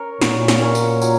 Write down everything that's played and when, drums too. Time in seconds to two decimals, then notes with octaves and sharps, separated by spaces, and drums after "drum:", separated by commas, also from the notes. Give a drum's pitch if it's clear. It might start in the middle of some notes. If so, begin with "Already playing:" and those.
Already playing: C#4 A#4 C#5
0.21 A#2 F#3, drum: snare
0.48 drum: snare
0.62 C#4 A#4 C#5
0.75 drum: tambourine
1.02 F#3, drum: tambourine